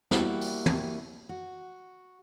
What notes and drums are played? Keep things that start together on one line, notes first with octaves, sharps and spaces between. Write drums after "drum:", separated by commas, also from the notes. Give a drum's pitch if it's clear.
G3 A#3 E4 F#4 G4, drum: snare
drum: open hi-hat
drum: tom
F#4